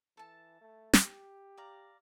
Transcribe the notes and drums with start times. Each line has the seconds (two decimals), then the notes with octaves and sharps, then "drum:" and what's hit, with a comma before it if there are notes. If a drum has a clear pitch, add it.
0.17 E3 A4 A5
0.61 A3
0.93 G4, drum: snare
1.58 D5 F5 A#5